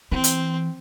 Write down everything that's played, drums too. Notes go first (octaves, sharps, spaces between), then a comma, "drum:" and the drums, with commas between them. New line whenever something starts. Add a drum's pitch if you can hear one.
E3 C4
drum: hi-hat